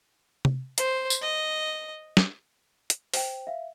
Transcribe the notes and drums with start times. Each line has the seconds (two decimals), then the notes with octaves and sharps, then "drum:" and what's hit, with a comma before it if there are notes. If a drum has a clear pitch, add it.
0.45 drum: tom C3
0.78 C5, drum: hi-hat
1.10 drum: tambourine
1.21 D#5
2.17 drum: snare
2.90 drum: hi-hat
3.14 C5 G5, drum: open hi-hat
3.47 E5 F5